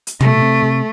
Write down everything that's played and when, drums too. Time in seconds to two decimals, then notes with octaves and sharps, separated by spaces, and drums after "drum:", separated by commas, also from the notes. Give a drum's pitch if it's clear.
0.07 drum: hi-hat
0.20 C3 A3, drum: tom
0.42 C4
0.63 C3